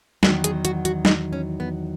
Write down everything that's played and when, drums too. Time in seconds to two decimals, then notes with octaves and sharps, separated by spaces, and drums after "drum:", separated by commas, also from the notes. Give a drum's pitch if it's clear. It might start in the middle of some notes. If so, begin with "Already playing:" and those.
0.23 E2 D#3 F#3 F#4, drum: snare
0.44 G#4, drum: hi-hat
0.65 F#4, drum: hi-hat
0.85 F#4, drum: hi-hat
1.05 D#4, drum: snare
1.33 C#4
1.60 B3